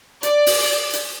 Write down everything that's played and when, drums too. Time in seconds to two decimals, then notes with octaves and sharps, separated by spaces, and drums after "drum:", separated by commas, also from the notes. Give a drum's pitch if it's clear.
0.23 D5, drum: hi-hat
0.46 drum: open hi-hat
0.93 drum: hi-hat